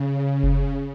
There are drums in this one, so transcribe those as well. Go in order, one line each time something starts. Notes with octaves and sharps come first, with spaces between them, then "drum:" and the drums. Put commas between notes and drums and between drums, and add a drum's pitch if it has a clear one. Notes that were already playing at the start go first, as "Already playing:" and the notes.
Already playing: C#3
drum: kick F#1